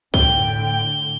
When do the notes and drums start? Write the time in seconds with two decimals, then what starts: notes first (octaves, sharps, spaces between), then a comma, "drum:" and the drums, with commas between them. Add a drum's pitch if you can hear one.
0.14 A2 D3 G5 G7, drum: kick